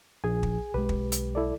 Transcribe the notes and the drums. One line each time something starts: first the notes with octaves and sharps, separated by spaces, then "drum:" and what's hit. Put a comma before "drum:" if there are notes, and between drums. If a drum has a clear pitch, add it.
A#1 G#4 G#5
drum: kick
B1 G#3 G4 B4
drum: kick
drum: hi-hat
E4 A4 D5